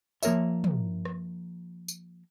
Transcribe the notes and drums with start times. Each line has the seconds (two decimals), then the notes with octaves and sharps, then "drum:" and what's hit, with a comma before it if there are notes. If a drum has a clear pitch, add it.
0.23 F3 A#3 A#4 C#5 E5, drum: tambourine
0.64 drum: tom
1.05 drum: rim click
1.88 drum: tambourine